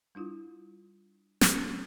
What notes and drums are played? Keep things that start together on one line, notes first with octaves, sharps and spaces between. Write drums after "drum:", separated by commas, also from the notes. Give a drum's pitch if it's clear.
G3 D4 E4 F4
drum: snare